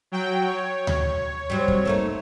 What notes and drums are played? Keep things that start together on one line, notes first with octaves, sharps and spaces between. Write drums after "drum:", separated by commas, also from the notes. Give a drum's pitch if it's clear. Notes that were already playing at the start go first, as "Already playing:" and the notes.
F#3 G5
C#5
drum: tom D2
C3 F#3 G3
drum: kick
A3 A#3 D#4